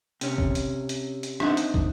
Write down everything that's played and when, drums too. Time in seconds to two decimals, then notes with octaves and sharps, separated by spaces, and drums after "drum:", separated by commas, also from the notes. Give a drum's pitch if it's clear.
0.21 C3 C#4, drum: hi-hat
0.38 drum: kick
0.55 drum: hi-hat
0.89 drum: hi-hat
1.23 drum: hi-hat
1.40 C4 D4 D#4 C5 E5 F#5, drum: rim click
1.57 drum: hi-hat
1.74 drum: kick